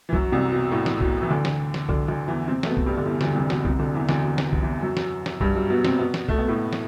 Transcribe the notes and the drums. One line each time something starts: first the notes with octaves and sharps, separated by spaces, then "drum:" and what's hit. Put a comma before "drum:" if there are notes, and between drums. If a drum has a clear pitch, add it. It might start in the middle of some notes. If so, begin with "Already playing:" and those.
E3
F#2 F#3, drum: kick B1
C2 C3
B2
A2
drum: snare
B2, drum: kick B1
E3
D2 D3
drum: snare
drum: snare
D2 D3, drum: kick B1
D2 D3
E2 E3
C3 C4
A3, drum: snare
B2 B3
drum: kick B1
G2 G3
D3
E2 E3
D2 D3, drum: snare
C2 C3
B2, drum: snare
C2 C3, drum: kick B1
D2 D3
E2 E3
D2 D3, drum: snare
B2
drum: snare
drum: kick B1
E2 E3
F#2 F#3
drum: snare
drum: snare
G2 G3, drum: kick B1
F#2 F#3
B2 B3
C3 C4, drum: snare
B2 B3
drum: snare
A3, drum: kick B1
B3
A2 A3
drum: snare